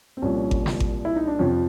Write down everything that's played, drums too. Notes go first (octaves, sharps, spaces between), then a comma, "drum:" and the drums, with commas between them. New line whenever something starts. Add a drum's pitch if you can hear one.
C4
C2 A#2 F3 C#4
drum: kick G#1
drum: snare
drum: kick G#1
E4
D#4
D4
F2 C3 F3 C#4